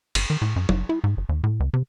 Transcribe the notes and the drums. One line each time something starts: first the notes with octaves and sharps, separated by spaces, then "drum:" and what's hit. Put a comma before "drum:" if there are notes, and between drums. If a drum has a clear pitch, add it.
G1, drum: cymbal
D#3
A2
F#2
F#1, drum: tom
E4
G#2
G1
D#2
A2
C#2
C3